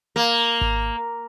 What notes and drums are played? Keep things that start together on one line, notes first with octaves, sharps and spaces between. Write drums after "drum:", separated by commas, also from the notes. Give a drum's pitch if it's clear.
A#3
drum: kick G#1